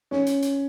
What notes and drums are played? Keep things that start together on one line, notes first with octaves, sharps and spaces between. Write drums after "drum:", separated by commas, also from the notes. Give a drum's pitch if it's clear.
C#4, drum: snare
drum: hi-hat
drum: hi-hat